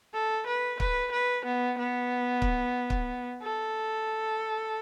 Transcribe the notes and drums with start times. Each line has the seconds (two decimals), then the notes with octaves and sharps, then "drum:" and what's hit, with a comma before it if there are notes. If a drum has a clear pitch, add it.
0.14 A4
0.47 B4
0.80 B4, drum: kick
1.12 B4
1.45 B3
1.78 B3
2.42 drum: kick
2.90 drum: kick
3.42 A4